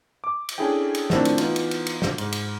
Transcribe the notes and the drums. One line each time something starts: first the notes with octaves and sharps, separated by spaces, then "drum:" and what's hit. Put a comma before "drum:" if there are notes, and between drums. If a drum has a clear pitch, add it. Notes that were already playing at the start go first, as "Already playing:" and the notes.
D6
drum: cymbal
C#4 D4 E4 G#4 A4 G5
drum: cymbal
D#3 F3 A3 C4 D4 E4, drum: snare
drum: cymbal
E3 B3 D#4 F4, drum: cymbal
drum: cymbal
drum: cymbal
drum: cymbal
drum: snare
G#2, drum: cymbal
drum: cymbal